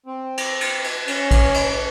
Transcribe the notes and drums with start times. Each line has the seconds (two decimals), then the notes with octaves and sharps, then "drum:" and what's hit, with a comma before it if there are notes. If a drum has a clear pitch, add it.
0.06 C4
0.37 drum: cymbal
0.61 drum: cymbal
0.84 drum: cymbal
1.08 C#4, drum: cymbal
1.31 drum: kick A#1, cymbal
1.54 drum: cymbal